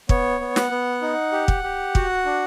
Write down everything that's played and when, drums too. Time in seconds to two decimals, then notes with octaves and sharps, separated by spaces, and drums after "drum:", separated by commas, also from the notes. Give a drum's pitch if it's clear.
0.09 B3 C#5, drum: kick
0.41 B3
0.56 F#5, drum: snare
0.71 B3
1.02 D#4
1.32 G4
1.48 drum: kick
1.63 G4
1.95 F#4, drum: kick
2.26 D4